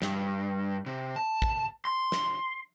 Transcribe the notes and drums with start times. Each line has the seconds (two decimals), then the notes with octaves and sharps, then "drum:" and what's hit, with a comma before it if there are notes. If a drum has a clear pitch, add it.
0.02 G2, drum: snare
0.86 C3
1.16 A5
1.42 drum: kick
1.85 C6
2.12 drum: snare